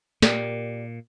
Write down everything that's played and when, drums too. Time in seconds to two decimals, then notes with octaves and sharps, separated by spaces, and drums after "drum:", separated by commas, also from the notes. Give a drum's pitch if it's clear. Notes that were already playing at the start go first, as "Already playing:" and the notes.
0.22 A#2 G4 A#4 D5, drum: snare